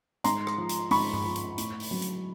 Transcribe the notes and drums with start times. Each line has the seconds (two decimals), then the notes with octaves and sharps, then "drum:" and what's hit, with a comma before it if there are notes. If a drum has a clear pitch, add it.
0.24 G#2 A#5 C6, drum: hi-hat
0.47 drum: rim click
0.58 F3
0.69 drum: hi-hat
0.91 G#2 B5 C#6, drum: open hi-hat
1.13 drum: tom G2
1.24 F3
1.36 drum: hi-hat
1.58 A2, drum: hi-hat
1.80 drum: open hi-hat
1.91 F#3
2.02 drum: hi-hat